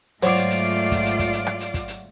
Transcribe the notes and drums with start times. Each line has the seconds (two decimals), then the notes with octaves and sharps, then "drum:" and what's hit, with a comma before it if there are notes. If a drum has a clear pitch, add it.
0.23 G#2 F#3 A3 F4 C5 D5 D6, drum: hi-hat
0.36 drum: hi-hat
0.50 drum: hi-hat
0.91 drum: kick, hi-hat
1.05 drum: hi-hat
1.19 drum: kick, hi-hat
1.33 drum: hi-hat
1.47 drum: rim click
1.60 drum: hi-hat
1.74 drum: kick, hi-hat
1.88 drum: hi-hat